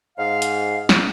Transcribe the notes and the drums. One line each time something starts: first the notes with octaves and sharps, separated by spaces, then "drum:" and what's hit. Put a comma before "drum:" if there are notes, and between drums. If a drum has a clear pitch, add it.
G#2 F5
drum: hi-hat
drum: snare